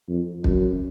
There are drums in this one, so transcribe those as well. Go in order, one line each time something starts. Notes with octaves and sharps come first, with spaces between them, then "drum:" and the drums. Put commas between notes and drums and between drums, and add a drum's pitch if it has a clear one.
F2
F#2, drum: kick